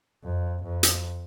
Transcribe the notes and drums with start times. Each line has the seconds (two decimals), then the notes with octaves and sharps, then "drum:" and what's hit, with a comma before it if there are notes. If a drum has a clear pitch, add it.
0.24 F2
0.64 F2
0.83 drum: hi-hat